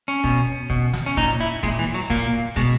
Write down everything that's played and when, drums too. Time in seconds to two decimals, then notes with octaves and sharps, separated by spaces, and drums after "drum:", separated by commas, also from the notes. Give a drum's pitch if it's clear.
0.08 C#4
0.24 B2, drum: kick
0.70 B2, drum: kick
0.93 drum: snare
1.06 C#4
1.17 A#2 D#4, drum: kick
1.40 E4
1.63 A#2 G#3, drum: kick
1.79 E3
1.94 F#3
2.10 A#2 A#3, drum: kick
2.56 B2 G#3, drum: kick